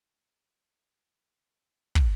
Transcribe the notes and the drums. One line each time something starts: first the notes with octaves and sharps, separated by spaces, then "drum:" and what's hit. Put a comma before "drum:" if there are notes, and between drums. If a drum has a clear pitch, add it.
F#4 B4
drum: kick